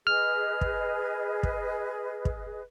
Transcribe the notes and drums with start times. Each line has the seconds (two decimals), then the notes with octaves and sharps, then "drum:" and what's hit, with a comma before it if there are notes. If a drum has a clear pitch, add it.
0.07 G#4 B4 D#5 F6
0.61 drum: kick
1.43 drum: kick
2.25 drum: kick